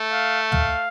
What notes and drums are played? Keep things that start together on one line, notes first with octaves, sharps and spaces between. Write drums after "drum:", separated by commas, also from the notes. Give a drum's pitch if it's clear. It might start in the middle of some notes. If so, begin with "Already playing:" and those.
Already playing: A3
F5
F5, drum: tom